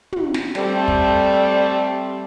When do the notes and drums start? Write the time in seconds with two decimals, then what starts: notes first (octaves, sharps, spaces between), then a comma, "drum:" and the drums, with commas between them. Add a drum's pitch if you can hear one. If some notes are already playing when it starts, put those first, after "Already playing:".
0.12 drum: tom
0.34 drum: snare
0.55 G3 A3 C4 A4, drum: snare
0.88 drum: kick